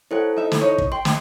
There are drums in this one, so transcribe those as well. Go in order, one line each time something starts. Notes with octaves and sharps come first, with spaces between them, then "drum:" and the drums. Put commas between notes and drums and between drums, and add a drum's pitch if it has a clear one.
E4 A4 C5 C#5 F#5
D#4 E5
drum: snare
D#4 C#5 D#5
drum: kick
G5 C6
drum: snare